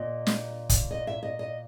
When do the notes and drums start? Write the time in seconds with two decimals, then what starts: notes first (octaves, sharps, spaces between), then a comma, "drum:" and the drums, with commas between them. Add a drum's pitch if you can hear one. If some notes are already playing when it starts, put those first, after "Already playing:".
Already playing: A#2 D#5
0.27 drum: snare
0.69 drum: kick, hi-hat
0.91 D#5
1.07 E5
1.23 D#5
1.39 D#5